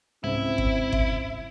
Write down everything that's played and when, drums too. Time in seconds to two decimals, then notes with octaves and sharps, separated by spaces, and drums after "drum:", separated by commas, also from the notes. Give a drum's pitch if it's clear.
0.24 C2 G#2 C4 C#4 E4
0.58 drum: kick G1
0.93 drum: kick G1